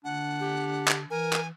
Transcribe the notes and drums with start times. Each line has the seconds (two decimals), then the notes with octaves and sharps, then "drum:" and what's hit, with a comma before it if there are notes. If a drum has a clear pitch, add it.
0.04 D3 D4 F#5
0.40 G4
0.88 drum: clap
1.10 E3 A#4 G#5
1.33 drum: clap